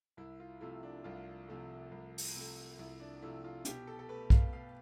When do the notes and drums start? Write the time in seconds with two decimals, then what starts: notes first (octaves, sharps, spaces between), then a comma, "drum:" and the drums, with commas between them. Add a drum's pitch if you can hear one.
0.17 C2 E4
0.40 F4
0.61 C3 F3 A3 E4
0.83 D4
1.04 C2 F4
1.48 C3 F3 A3
1.91 C2
2.18 drum: open hi-hat
2.35 C3 F3 A3
2.79 C2 E4
3.00 D4
3.22 C3 F3 A3 E4
3.44 F4
3.65 B2 G4, drum: hi-hat
3.87 A4
3.99 A4
4.09 A3 B4
4.30 F5, drum: kick B1
4.53 B2 F5